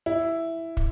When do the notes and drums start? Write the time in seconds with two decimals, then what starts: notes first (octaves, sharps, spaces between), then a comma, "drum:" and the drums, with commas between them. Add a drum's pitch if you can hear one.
0.06 E4
0.77 drum: kick